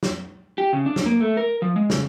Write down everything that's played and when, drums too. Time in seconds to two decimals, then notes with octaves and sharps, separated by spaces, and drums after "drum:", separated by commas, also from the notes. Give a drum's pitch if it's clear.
0.03 drum: snare
0.58 G4
0.73 C#3
0.86 D4
0.96 drum: snare
1.06 A#3
1.20 A3
1.37 A#4
1.62 F3
1.76 G#3
1.90 C#3, drum: snare